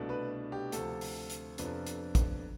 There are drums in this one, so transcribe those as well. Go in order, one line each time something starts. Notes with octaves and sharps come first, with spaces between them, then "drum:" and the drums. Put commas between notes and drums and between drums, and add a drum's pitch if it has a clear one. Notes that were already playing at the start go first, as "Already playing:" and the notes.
Already playing: C2 B2 A3 D4
B4
G4
D2 C3 F3 A4, drum: hi-hat
drum: open hi-hat
drum: hi-hat
F2 C3 F3 B3 D4, drum: hi-hat
drum: hi-hat
drum: kick, hi-hat